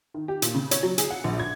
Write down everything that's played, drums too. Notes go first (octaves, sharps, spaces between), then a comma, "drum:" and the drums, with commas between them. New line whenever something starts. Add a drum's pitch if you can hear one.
D#3
G4
A#2, drum: hi-hat
C#3
C#5, drum: hi-hat
F#3
G#4, drum: hi-hat
F#5
A#1
G#6